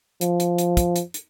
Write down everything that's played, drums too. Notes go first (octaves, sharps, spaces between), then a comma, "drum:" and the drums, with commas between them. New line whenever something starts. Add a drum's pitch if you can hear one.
F3, drum: hi-hat
drum: hi-hat
drum: hi-hat
drum: kick, hi-hat
drum: hi-hat
drum: hi-hat